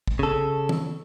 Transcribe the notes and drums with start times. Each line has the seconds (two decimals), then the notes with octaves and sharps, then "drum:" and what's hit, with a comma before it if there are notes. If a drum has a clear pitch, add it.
0.08 drum: kick
0.19 C#3 A4
0.69 drum: tom D#3